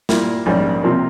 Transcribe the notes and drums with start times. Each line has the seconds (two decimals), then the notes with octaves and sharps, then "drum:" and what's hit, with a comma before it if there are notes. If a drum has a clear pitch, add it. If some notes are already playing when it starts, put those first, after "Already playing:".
0.09 A#2 G3 A#3 E4, drum: snare
0.46 A#1 G#2 G3 A#3 C#4
0.83 C3 F3 A#3